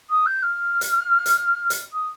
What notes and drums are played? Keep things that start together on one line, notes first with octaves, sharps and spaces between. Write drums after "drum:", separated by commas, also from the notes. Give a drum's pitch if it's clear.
D#6
G6
F6
drum: hi-hat
drum: hi-hat
drum: hi-hat
D#6